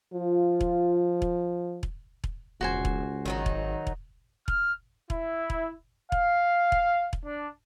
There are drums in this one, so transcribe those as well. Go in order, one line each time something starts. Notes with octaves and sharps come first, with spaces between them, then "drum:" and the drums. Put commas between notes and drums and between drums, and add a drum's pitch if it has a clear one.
F3 F4
drum: kick E1
drum: kick E1
drum: kick E1
drum: kick E1
E1 C#2 F#4 C5 G#5
drum: kick E1
G#1 D#3 F#3 D#4
drum: kick E1
drum: kick E1
F6, drum: kick E1
E4, drum: kick E1
drum: kick E1
F5, drum: kick E1
drum: kick E1
drum: kick E1
D4